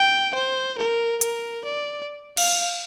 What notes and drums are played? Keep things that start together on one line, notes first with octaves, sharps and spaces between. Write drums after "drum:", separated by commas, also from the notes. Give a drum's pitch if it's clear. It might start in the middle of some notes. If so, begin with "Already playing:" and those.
Already playing: G5
C5
A#4
A#4, drum: hi-hat
D5
F5, drum: cymbal